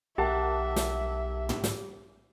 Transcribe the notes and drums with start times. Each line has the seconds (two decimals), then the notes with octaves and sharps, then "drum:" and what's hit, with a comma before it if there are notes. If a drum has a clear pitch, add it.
0.18 B1 G4 A#4 E5 F#5 A5
0.76 drum: snare
1.49 drum: tom
1.64 drum: snare